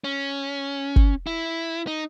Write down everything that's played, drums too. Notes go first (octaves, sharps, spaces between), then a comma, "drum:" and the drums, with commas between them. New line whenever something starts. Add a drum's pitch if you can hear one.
C#4
drum: kick
E4
D#4